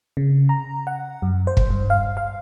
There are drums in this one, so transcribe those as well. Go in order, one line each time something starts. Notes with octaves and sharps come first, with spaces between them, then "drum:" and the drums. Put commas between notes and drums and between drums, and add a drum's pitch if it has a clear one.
C#3
A#5
F#5
F#2
C5
drum: kick
G2
F5
F5